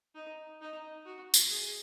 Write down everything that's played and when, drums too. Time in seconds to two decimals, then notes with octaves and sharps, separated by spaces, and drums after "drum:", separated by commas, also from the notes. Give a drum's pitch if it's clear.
0.15 D#4
0.61 D#4
1.06 F#4
1.34 drum: tambourine
1.51 G#4